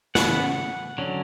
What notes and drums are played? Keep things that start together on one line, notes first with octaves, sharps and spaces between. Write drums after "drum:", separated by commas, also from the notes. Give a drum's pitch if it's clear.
C#3 E3 B3 F#5, drum: snare
D3 F#3 C#4